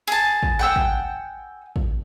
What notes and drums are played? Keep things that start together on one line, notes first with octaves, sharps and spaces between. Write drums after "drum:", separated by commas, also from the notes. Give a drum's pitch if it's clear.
G#4 A5
drum: kick
F#5 G5 E6
drum: kick
drum: kick